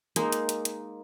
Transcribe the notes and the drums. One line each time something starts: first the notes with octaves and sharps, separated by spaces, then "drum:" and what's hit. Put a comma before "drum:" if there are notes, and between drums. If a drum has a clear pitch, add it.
G#3 A#3 D#4, drum: hi-hat
drum: hi-hat
drum: hi-hat
drum: hi-hat